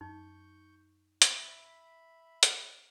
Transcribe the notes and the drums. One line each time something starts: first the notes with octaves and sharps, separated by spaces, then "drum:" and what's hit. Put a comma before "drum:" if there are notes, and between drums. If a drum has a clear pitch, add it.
F#2 D#4 C#6 G6
E5 B5, drum: hi-hat
drum: hi-hat